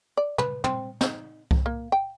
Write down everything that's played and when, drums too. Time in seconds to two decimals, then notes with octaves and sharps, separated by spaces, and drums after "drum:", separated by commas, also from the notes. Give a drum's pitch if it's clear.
0.17 D5
0.38 B4, drum: tom
0.64 C4, drum: tom
1.01 D#4, drum: snare
1.51 drum: kick C2
1.66 A#3
1.92 G5